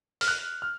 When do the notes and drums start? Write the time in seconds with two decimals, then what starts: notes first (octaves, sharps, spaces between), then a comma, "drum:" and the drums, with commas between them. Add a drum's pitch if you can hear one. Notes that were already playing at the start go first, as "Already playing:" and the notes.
0.21 F6, drum: open hi-hat
0.28 F#6
0.62 F6